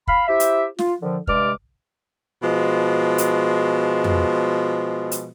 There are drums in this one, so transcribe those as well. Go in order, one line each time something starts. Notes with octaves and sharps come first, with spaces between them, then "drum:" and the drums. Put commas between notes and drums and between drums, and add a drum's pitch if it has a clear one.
F5 B5, drum: kick
E4 G4 C5 E5
drum: hi-hat
F4, drum: snare
D3 D#3 F3
G2 C3 G#3 D5 D6 F6, drum: kick
B2 F3 G#3
drum: hi-hat
drum: tom F2
drum: hi-hat